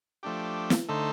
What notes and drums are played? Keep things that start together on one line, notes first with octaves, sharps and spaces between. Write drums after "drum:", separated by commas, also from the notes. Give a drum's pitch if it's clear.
F3 A3 D4 G4
drum: snare
D3 A3 D#4 A4 C5